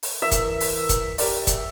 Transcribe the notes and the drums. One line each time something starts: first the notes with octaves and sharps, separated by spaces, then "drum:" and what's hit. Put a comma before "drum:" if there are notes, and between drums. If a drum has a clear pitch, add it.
drum: open hi-hat
E3 A#4 E5
drum: kick, hi-hat
drum: open hi-hat
drum: kick, hi-hat
G4 A#4 D5, drum: open hi-hat
drum: kick, hi-hat